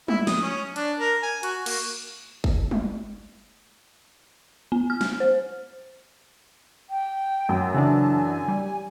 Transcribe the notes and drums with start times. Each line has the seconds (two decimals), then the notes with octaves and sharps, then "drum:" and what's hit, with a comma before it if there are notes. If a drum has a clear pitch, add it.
0.08 E4, drum: tom G3
0.27 D#6, drum: snare
0.41 C#4
0.76 D4, drum: hi-hat
0.99 A#4
1.23 G#5
1.43 F#4, drum: hi-hat
1.66 A#3, drum: cymbal
2.44 drum: kick
2.71 drum: tom G3
4.72 B3
4.90 F6
5.01 drum: snare
5.20 C5
6.90 G5
7.49 F#2
7.74 C#3 E3 D4 A5
8.17 G#5
8.48 G3